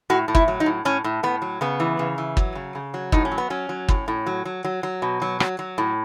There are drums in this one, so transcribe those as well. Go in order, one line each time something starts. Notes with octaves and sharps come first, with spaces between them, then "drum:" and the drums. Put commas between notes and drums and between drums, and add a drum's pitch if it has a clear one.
A2 F#4
A2
E4, drum: kick
F#3
D#4
A2
A2 C#4
A2
A2 B3
F#3
C#3 B3
E3
C#3
E3
F#3, drum: kick
C#3
C#3
F#3
A2 D#4, drum: kick
C#4
F#3
B3
F#3 C#4
F#3
A2, drum: kick
A2
F#3
F#3
F#3
F#3
B2
F#3
F#3, drum: rim click
F#3
A2